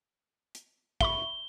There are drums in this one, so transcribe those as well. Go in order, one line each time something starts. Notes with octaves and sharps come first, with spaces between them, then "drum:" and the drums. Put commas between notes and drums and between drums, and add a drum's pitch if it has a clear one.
drum: hi-hat
E5 B5 C#6 G7, drum: kick